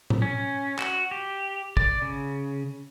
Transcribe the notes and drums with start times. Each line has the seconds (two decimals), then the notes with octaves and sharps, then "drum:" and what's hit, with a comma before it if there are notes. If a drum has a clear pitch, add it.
0.10 drum: tom A2
0.22 C#4
0.79 F#4, drum: clap
1.11 G4
1.77 D5, drum: kick
2.02 C#3